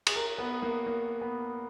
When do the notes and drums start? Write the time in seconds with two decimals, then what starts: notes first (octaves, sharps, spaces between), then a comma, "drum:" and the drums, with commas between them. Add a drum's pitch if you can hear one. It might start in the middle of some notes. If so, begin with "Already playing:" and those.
0.07 G#4, drum: cymbal
0.16 A#4
0.38 B3
0.62 A#3
0.86 A#3
1.21 B3